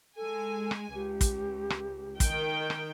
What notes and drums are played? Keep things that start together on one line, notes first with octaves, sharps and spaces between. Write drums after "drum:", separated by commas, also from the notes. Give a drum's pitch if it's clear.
G#3 A4 G#5
drum: rim click
C#2 G4
drum: kick, hi-hat
drum: rim click
D#3 G5, drum: kick, hi-hat
drum: rim click